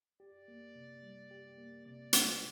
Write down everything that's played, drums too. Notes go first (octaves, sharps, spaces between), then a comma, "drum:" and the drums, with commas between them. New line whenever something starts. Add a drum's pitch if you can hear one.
G4 D5
A#3
C3
G3
G4
A#3
C3 D5
G3, drum: hi-hat